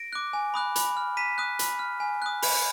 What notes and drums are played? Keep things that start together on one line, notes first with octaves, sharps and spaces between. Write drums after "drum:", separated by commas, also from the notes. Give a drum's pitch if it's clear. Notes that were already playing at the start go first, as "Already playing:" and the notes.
Already playing: A#6 D7
D6 F#6
G#5
B5 D#6 F#6
B5, drum: hi-hat
F6
A#5 B6 D#7
D#6 F#6
B5, drum: hi-hat
F6
G#5
D#6 F#6
B5, drum: open hi-hat